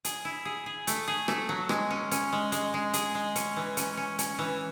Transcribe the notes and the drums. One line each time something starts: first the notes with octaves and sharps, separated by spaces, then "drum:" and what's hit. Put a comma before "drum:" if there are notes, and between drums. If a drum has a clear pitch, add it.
G#4, drum: hi-hat
E4
G#4
G#4
A3, drum: hi-hat
G#4
A3, drum: rim click
F#3
G#3, drum: rim click
C#4
C#4, drum: hi-hat
G#3
G#3, drum: hi-hat
G#3
G#4, drum: hi-hat
G#3
C#4, drum: hi-hat
E3
C#4, drum: hi-hat
C#4
C#4, drum: hi-hat
E3